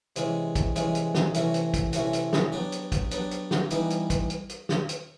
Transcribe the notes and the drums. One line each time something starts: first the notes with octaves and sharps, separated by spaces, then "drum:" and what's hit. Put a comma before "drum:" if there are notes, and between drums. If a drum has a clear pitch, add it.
C3 E3 G#3 C#4, drum: hi-hat
drum: kick, hi-hat
C3 E3 G#3 C#4, drum: hi-hat
drum: hi-hat
drum: snare
C3 E3 A3 C#4 F#4, drum: hi-hat
drum: hi-hat
drum: kick, hi-hat
C3 E3 A3 C#4 F#4, drum: hi-hat
drum: hi-hat
drum: snare
F#3 B3 D4 G4
drum: hi-hat
drum: kick, hi-hat
F#3 B3 D4 G4, drum: hi-hat
drum: hi-hat
drum: snare
E3 G3 B3 D#4 G4, drum: hi-hat
drum: hi-hat
drum: kick, hi-hat
drum: hi-hat
drum: hi-hat
drum: snare
drum: hi-hat